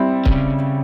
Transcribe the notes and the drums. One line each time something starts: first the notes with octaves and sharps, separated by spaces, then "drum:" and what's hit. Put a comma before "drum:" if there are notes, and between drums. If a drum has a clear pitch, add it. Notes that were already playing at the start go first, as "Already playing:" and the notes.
Already playing: G3 C4 E4
C#3, drum: kick C#1